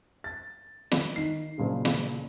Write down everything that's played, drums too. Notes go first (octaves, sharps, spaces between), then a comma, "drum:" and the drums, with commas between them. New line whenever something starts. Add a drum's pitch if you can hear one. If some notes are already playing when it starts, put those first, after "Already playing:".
A6
drum: snare
D#3 C7
F#1 A#2 C#3
drum: snare